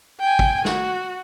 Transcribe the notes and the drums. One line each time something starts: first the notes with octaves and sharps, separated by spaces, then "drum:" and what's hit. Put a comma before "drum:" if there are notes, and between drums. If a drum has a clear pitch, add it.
G5 G#5
drum: kick
F#4, drum: snare